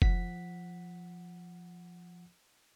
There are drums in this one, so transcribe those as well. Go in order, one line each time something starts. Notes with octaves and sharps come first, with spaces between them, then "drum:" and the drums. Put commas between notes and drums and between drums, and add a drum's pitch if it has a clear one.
F3 F#5 B6, drum: kick F1